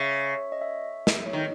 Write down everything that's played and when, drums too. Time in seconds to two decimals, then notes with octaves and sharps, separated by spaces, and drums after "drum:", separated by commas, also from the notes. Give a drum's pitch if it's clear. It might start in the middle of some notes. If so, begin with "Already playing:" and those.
Already playing: C#3 E5
0.52 D#5
0.62 E5
1.07 drum: snare
1.26 C#5
1.33 D#3 D#5